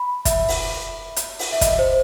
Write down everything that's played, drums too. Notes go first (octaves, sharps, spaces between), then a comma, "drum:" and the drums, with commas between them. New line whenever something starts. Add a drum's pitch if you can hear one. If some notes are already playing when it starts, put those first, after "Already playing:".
Already playing: B5
E5, drum: kick, hi-hat
drum: open hi-hat
drum: hi-hat
drum: open hi-hat
E5
D#5, drum: kick, hi-hat
C5